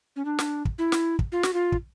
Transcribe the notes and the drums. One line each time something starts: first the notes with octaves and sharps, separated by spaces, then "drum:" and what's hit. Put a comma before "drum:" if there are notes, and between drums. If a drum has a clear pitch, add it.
C#4
D4
drum: snare
drum: kick
E4
drum: snare
drum: kick
F4
F#4, drum: snare
F4
drum: kick